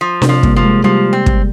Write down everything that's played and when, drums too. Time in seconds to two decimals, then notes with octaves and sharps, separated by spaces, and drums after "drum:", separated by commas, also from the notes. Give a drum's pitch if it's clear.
0.01 F3
0.22 C3, drum: snare D4
0.29 F3
0.43 G3 A#3, drum: kick
0.56 F3
0.63 G#3
0.84 F3 G3
1.13 C4
1.26 drum: kick